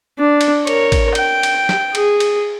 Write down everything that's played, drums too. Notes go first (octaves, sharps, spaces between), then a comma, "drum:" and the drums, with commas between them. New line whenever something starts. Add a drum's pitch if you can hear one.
D4
drum: cymbal
A#4 C#5, drum: cymbal
drum: kick, cymbal
G5, drum: cymbal
drum: cymbal
drum: snare
G#4, drum: cymbal
drum: cymbal